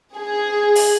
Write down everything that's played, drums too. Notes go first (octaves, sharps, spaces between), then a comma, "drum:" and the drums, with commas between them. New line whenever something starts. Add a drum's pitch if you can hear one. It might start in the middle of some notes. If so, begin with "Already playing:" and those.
G#4
drum: open hi-hat